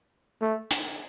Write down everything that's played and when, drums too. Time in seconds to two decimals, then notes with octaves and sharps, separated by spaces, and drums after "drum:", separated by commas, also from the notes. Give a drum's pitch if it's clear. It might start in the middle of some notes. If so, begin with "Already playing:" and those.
0.41 A3
0.71 drum: hi-hat